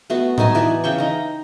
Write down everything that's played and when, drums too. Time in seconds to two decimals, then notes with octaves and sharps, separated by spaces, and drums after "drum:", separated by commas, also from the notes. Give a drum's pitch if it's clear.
0.10 A3 B3 F#4
0.38 D#4 E5 G#5 A5, drum: tom A2
0.55 E3 B4 D5
0.84 C#3 E5 G5 C#6
0.98 D#4 A#5